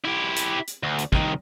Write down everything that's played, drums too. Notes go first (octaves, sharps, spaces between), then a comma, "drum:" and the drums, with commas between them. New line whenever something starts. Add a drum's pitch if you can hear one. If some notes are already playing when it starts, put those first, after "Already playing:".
E4 G4
drum: hi-hat
drum: hi-hat
D2
drum: hi-hat
C2 D#3, drum: kick